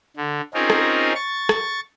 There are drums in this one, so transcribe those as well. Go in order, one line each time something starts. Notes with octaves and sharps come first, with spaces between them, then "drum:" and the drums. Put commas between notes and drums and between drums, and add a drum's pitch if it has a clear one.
D3
C4 C#4 D#4 F4 G#4 A#4
drum: rim click
C#6 A6
drum: rim click